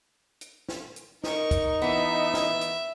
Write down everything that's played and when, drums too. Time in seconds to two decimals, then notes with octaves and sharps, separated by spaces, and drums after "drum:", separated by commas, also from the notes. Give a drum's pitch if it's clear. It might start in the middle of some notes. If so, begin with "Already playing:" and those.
0.41 drum: hi-hat
0.69 drum: snare
0.96 drum: hi-hat
1.24 D#4 A#4 C#6, drum: snare
1.51 drum: kick, hi-hat
1.82 E3 B3 E5
2.34 drum: snare
2.61 drum: hi-hat